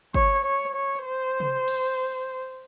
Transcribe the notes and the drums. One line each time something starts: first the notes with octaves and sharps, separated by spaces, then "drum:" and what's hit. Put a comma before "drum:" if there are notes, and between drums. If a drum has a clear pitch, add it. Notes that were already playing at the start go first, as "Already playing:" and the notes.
C#5, drum: kick
C#5
C#5
C5
drum: tom C3
drum: cymbal